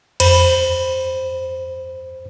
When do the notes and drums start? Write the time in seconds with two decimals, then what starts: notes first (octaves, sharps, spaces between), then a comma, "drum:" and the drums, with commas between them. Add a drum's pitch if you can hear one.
0.20 F2 C5 B5, drum: cymbal